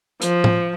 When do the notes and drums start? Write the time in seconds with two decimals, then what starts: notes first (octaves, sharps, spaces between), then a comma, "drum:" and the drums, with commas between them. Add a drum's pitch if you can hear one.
0.22 F3, drum: hi-hat
0.44 drum: tom